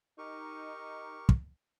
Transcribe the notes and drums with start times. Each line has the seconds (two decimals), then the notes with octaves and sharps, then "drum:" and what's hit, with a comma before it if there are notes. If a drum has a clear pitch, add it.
0.18 D#4 G4 A#4 C#6
1.29 drum: kick